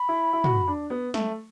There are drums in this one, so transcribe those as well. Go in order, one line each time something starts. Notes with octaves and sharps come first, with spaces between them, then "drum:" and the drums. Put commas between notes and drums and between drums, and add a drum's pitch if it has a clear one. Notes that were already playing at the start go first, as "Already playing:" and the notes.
Already playing: B5
E4
E4
F#4, drum: tom
D4
B3
A3, drum: snare